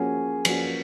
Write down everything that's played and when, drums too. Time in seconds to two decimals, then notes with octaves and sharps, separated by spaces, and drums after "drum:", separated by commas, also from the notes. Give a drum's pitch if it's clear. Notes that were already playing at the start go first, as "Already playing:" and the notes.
Already playing: F3 A#3 C#4 F#4 G#4
0.45 F3 A#3 C#4 F#4, drum: cymbal